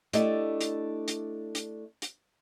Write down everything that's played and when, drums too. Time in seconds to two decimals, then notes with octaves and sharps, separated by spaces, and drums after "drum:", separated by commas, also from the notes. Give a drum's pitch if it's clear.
0.13 A3 D4 E4 G4 D#5, drum: hi-hat
0.61 drum: hi-hat
1.08 drum: hi-hat
1.55 drum: hi-hat
2.02 drum: hi-hat